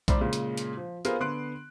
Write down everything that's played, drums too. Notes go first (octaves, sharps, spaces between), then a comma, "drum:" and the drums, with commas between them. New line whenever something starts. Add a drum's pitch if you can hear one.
G#2 C5 D5 B5 D6, drum: kick B1, hi-hat
A#2 C#3 G#3
drum: hi-hat
drum: hi-hat
F3
B3 F4 G#4 A#4 C5, drum: hi-hat
D3 B3 C6 F#6 D7